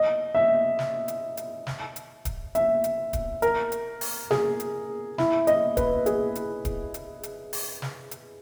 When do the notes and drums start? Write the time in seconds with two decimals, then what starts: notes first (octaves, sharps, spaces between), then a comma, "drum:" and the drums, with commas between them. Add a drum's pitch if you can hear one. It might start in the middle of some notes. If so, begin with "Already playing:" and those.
Already playing: D#5
0.35 E5
0.79 drum: snare
1.08 drum: hi-hat
1.37 drum: hi-hat
1.67 drum: snare
1.96 drum: hi-hat
2.25 drum: kick D1, hi-hat
2.55 E5, drum: hi-hat
2.84 drum: hi-hat
3.13 drum: kick D1, hi-hat
3.42 A#4, drum: hi-hat
3.72 drum: hi-hat
4.01 drum: open hi-hat
4.31 G#4, drum: snare
4.60 drum: hi-hat
5.18 E4, drum: snare
5.47 D#5, drum: hi-hat
5.77 B4, drum: kick D1, hi-hat
6.06 G#4, drum: hi-hat
6.35 drum: hi-hat
6.65 drum: kick D1, hi-hat
6.94 drum: hi-hat
7.23 drum: hi-hat
7.53 drum: open hi-hat
7.82 drum: snare
8.11 drum: hi-hat